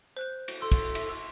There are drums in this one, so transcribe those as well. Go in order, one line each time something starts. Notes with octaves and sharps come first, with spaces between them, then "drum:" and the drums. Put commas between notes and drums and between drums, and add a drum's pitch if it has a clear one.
C5 F#6 G6
drum: cymbal
A4 C6
drum: kick, cymbal
E5, drum: cymbal